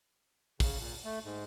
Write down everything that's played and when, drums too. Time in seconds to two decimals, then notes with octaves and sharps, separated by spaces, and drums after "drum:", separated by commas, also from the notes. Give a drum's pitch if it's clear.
0.60 C#3, drum: kick, open hi-hat
0.79 A#2
1.04 A3
1.25 G#2